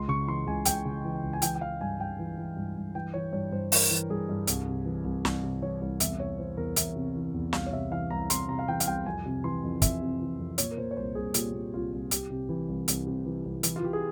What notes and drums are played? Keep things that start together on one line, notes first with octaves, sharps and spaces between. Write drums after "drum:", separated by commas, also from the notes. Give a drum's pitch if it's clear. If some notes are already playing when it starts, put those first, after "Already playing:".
Already playing: C#2 C6
C#3 C#6
E3 C6
C#2 G#5
C#2 G5, drum: hi-hat
C#3
E3
C#2
G#5
E3 G5, drum: hi-hat
G5
E3 F5
G2 G#5
G2 G5
E3
E3
G2
G2
E3 G5
E3 C#5
G2 C#5
G2 C5
E3 A#4, drum: open hi-hat
E3
G2 G#4
G2
C2, drum: hi-hat
C3
E3
C2
C2, drum: snare
C3
E3 C#5
C2
E2 E5, drum: hi-hat
C3 C#5
E3 C5
E2 A#4
E2 E5, drum: hi-hat
C3
E3
E2
C2 F5, drum: snare
C#5
C3 E5
E3 F5
C2 A#5
C2 C6, drum: hi-hat
C3 A#5
F5
E3 G5
F5, drum: hi-hat
C2 G5
F2 G#5
C3
E3 C6
F2
F2 E5, drum: kick, hi-hat
C3
E3
F2
A#2 C#5, drum: hi-hat
A#4
A#2 C5
C#5
C2 C5
C2 G#4
A#2 G4, drum: hi-hat
A#2
C2 F4
C2
C2 G4, drum: hi-hat
C3
E3
C2
C2, drum: hi-hat
C3
E3
C2
E3, drum: hi-hat
F4
E3 G4
G#4